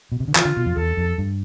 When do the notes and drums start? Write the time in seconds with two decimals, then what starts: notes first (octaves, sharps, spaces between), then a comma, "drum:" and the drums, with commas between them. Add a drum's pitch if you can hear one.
0.12 B2
0.20 C3
0.28 D3
0.35 E3 F4, drum: clap
0.45 D3
0.57 B2
0.66 F2
0.77 E2 A4
0.97 F2
1.18 G2